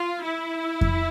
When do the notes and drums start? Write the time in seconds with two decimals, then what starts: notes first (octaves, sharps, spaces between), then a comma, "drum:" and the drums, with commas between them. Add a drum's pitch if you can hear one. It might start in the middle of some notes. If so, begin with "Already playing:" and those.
Already playing: F4
0.23 E4
0.81 drum: kick F2